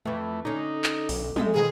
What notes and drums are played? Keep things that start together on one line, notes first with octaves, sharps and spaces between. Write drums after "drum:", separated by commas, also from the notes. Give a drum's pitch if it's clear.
F2 E3 A3
D3 C#4 D#4
drum: clap
B1, drum: open hi-hat
G#3 D#4 A4 E5, drum: tom
B2 D#3 F3 G#4